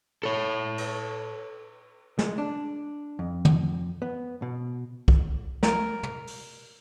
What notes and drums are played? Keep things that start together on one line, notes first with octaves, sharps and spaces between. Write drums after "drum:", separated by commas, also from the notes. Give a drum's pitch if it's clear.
A4 C#5
drum: cymbal
G#3, drum: snare
D4
F2
drum: tom
B3
B2
drum: kick
A#4, drum: snare
drum: tom
drum: open hi-hat